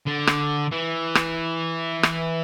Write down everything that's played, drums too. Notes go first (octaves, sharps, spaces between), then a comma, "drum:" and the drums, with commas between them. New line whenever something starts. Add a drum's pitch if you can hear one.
D3
drum: rim click
E3
drum: rim click
drum: rim click